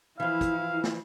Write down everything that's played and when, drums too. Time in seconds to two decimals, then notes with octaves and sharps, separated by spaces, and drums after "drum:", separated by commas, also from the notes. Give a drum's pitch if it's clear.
0.20 E3 F3 E4 F5
0.41 drum: kick, hi-hat
0.84 drum: snare